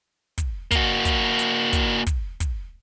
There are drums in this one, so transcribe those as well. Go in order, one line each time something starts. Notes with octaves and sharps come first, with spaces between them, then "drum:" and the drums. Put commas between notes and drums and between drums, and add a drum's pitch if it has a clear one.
drum: kick, hi-hat
A#3 F#4, drum: kick, hi-hat
drum: kick, hi-hat
drum: hi-hat
drum: kick, hi-hat
drum: kick, hi-hat
drum: kick, hi-hat